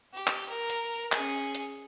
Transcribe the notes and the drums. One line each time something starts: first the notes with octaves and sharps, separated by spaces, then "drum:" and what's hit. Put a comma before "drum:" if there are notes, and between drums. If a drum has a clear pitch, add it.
G4
drum: clap
A#4
drum: hi-hat
C#4 G#4, drum: clap
drum: hi-hat